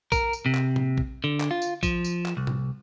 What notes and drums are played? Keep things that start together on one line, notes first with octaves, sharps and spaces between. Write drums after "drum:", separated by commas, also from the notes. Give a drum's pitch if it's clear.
A#4, drum: kick A#1, tambourine
drum: tambourine
C3
drum: clap
drum: tom A2
drum: kick A#1
D3
drum: clap
F4
drum: tambourine
F3, drum: kick A#1, tambourine
drum: tambourine
drum: clap
C2
drum: tom A2